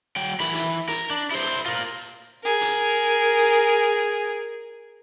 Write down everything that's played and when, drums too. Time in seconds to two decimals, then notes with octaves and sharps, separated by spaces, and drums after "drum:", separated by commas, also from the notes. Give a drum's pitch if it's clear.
0.16 F#3 G5
0.40 E3 B5, drum: hi-hat
0.54 drum: hi-hat
0.89 A#4, drum: hi-hat
1.11 D4
1.31 E4 C5, drum: open hi-hat
1.66 F4 A#4
2.43 G#4 A#4
2.61 drum: hi-hat